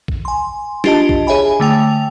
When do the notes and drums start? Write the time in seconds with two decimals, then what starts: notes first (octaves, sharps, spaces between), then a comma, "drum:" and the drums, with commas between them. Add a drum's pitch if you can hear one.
0.08 drum: kick
0.25 G#5 C6
0.84 D4 F4 G4 D#5 A5, drum: snare
1.09 drum: kick
1.27 G#4 C#5 E5 G#5 B5
1.60 D3 A3 G5 F7